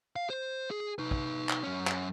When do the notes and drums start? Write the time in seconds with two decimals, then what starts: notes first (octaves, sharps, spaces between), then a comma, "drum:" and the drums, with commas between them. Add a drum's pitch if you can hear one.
0.16 F5
0.30 C5
0.71 G#4
0.99 D#4 B4
1.11 drum: kick
1.49 drum: clap
1.63 F#2 C#4
1.87 drum: clap